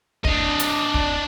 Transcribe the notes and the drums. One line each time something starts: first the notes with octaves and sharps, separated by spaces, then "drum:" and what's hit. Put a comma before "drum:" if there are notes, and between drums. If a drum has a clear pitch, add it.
D4 D#5, drum: kick
drum: hi-hat
drum: kick